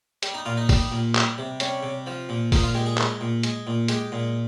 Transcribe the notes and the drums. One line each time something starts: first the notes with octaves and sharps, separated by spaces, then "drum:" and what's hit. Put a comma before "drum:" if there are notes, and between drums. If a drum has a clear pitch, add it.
G3, drum: hi-hat
D#4
A#2 F4
D#4
G3, drum: kick, open hi-hat
A#2
G3, drum: clap
C3
G3 C#4, drum: hi-hat
C3
F3
A#2
A#2 D#4, drum: kick, open hi-hat
F4
G#3 G4
G#4
G#3, drum: clap
A#2
G#3, drum: hi-hat
A#2
G#3 G4, drum: hi-hat
A#2